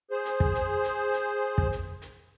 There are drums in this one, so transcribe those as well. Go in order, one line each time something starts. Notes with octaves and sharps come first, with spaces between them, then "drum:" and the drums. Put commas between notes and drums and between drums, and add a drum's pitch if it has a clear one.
G#4 C5
drum: hi-hat
drum: kick
drum: hi-hat
drum: hi-hat
drum: hi-hat
drum: kick
drum: hi-hat
drum: hi-hat